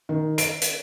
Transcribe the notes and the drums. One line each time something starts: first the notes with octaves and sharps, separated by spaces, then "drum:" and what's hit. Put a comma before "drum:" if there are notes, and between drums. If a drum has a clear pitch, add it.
D#3
D7, drum: hi-hat
drum: hi-hat